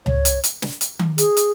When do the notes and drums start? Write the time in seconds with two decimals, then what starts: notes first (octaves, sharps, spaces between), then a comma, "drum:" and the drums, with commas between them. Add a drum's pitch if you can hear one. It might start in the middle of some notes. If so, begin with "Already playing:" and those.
0.06 C#5, drum: tom C#2
0.25 drum: hi-hat
0.44 drum: hi-hat
0.62 drum: snare
0.81 drum: hi-hat
0.99 drum: tom D#3
1.18 G#4, drum: hi-hat
1.37 drum: hi-hat